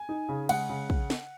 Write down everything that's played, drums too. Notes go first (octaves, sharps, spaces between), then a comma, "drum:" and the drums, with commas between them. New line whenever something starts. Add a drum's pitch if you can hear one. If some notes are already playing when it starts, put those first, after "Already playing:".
Already playing: G#5
D#4
C#3
G#3 F#5, drum: cymbal
C#3
drum: kick
drum: snare